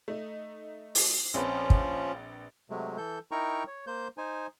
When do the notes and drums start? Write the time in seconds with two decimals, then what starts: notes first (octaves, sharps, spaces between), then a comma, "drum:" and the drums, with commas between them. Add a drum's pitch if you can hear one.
0.08 A3 D#4
0.95 drum: open hi-hat
1.34 A#1 F3 C4 C#4 F4 B4
1.70 drum: kick
2.70 C3 F#3 G#3 A3
2.97 E3 A4 G6
3.31 D#4 E4 A#4 G5 A#5 C#6
3.67 C#5
3.87 A#3 C5 G6
4.18 D#4 C5 G#5